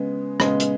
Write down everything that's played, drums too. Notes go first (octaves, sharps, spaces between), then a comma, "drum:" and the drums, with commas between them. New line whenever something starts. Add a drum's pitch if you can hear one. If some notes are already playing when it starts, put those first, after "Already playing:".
Already playing: C#3 G#3 B3
C#3 G#3 B3, drum: rim click
drum: hi-hat